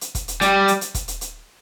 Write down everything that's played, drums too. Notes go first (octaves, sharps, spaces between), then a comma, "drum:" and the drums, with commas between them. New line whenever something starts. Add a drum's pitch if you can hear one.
drum: hi-hat
drum: kick E1, hi-hat
drum: hi-hat
G3, drum: hi-hat
drum: hi-hat
drum: hi-hat
drum: kick E1, hi-hat
drum: hi-hat
drum: hi-hat